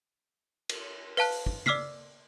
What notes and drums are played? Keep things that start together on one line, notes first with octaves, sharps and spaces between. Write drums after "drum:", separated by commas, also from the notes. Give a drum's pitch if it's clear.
drum: cymbal
B4 F5 A5 F#6, drum: open hi-hat
drum: open hi-hat
drum: kick
D5 D6 E6 F6 B6 C7, drum: tom C#3